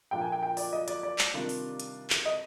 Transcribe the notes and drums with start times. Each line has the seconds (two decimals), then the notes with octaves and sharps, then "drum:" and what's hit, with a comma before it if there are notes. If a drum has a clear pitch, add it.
0.11 A#2 F3 A#3 D4 F4 G5
0.21 G#5
0.32 G5
0.43 G5
0.57 D5, drum: open hi-hat
0.73 D#5
0.88 D5, drum: hi-hat
1.03 D5
1.19 drum: clap
1.34 C3 D#3 G3 D4 F4
1.49 drum: open hi-hat
1.80 drum: hi-hat
2.10 drum: clap
2.25 D#5